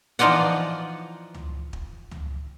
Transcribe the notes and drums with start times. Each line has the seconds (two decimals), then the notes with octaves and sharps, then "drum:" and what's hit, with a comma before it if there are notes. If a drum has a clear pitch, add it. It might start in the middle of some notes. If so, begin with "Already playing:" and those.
0.19 E3 F3 D#4 F4 D5 F#5
1.34 drum: tom C#2
1.73 drum: kick
2.11 drum: tom C#2